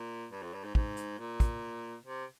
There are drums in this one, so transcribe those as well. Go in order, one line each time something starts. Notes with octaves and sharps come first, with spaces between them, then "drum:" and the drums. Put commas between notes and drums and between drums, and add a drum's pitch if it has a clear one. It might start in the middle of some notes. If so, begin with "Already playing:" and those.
Already playing: A#2
G2
F2
G2
G#2
G#2, drum: kick
drum: hi-hat
A#2
drum: kick, hi-hat
C3